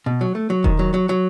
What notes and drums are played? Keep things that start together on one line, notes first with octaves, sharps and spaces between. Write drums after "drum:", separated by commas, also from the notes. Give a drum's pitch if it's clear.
B2
F#3
A3
F#3
D#3, drum: kick E1
F#3
F#3
F#3